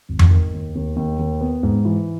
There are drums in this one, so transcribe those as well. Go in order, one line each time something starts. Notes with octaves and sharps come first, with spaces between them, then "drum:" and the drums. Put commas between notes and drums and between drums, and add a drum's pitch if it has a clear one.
G#1
drum: tom F2
D#3
D#2
D#2
D#2
D#2
B3
G#2
E3